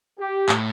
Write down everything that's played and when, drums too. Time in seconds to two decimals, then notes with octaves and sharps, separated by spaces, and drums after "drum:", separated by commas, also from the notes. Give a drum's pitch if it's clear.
0.19 G4
0.49 A2, drum: clap